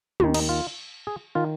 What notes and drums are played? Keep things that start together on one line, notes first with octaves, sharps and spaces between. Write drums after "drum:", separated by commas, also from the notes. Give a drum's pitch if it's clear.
D#2 D#3, drum: tom
D#4, drum: cymbal
F4
G#4
D#3 F4